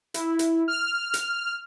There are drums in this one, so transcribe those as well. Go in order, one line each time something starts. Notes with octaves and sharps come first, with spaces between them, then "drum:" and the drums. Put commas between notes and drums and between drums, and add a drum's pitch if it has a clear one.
E4, drum: hi-hat
drum: hi-hat
F6
drum: hi-hat